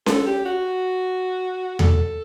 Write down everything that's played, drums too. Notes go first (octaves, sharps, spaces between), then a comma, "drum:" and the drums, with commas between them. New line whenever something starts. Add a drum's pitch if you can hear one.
A4, drum: snare C#4
G4
F#4
A4, drum: tom E2